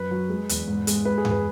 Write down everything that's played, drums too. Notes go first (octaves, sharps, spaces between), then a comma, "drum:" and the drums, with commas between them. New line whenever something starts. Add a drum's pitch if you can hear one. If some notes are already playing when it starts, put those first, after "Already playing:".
Already playing: F#2 B4
F#3
G#3
E2, drum: hi-hat
G#2
G#3, drum: hi-hat
G#3 B4
G#4
E2, drum: tom G2
B4